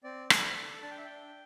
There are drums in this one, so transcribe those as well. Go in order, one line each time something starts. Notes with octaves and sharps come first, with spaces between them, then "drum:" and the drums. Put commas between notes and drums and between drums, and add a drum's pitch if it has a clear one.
C4 D5
A4, drum: rim click
A4
D4 A5
G5
E5
D4 G5